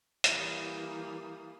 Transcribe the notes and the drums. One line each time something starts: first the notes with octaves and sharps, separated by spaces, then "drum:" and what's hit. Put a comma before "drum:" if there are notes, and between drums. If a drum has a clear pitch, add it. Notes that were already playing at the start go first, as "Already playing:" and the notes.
E3 G3 A#3 D#6, drum: hi-hat